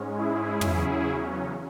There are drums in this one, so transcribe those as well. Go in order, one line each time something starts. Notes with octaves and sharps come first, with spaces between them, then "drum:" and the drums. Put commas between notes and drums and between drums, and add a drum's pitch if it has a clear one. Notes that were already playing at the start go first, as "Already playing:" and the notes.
Already playing: G#2 G#3 C#4
E4 G#4
E2 C#3 F#3 C#4, drum: tom